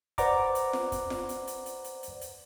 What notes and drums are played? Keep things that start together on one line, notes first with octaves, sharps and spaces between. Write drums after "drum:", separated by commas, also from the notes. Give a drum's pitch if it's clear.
B4 C5 D5 F#5 A#5 D6, drum: kick, hi-hat
drum: hi-hat
drum: snare F4
drum: kick, hi-hat
drum: snare F4
drum: hi-hat
drum: hi-hat
drum: hi-hat
drum: hi-hat
drum: hi-hat
drum: hi-hat